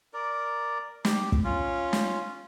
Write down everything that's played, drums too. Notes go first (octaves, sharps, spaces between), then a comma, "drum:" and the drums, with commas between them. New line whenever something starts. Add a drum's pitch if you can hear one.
A#4 D5
G4, drum: snare
drum: kick
C#4 F4
drum: snare